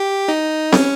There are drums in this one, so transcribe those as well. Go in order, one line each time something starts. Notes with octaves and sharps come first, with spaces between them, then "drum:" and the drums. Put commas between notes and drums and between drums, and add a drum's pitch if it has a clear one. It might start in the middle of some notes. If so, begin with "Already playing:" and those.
Already playing: G4
D#4
C#4, drum: snare C4